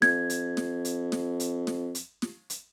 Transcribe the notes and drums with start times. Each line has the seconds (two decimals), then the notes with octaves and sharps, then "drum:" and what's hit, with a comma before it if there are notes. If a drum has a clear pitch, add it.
0.02 F2 G#6, drum: snare
0.30 drum: hi-hat
0.57 drum: snare
0.85 drum: hi-hat
1.12 drum: snare
1.40 drum: hi-hat
1.67 drum: snare
1.95 drum: hi-hat
2.22 drum: snare
2.50 drum: hi-hat